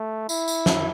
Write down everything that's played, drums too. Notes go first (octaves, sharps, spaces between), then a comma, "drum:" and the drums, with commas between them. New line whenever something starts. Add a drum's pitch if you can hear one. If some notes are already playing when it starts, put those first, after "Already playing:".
Already playing: A3
E4, drum: tambourine
drum: tambourine
drum: snare